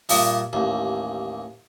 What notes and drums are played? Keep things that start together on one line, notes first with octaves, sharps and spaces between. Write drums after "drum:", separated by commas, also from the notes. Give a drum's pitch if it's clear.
G2 A#2 D#5 E5 D#6, drum: open hi-hat
A1 D#2